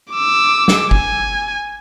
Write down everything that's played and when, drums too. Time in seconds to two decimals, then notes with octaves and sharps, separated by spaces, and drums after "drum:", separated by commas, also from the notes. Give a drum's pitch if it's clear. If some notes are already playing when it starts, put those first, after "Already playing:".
0.13 D6 E6
0.68 drum: snare
0.91 G#5, drum: kick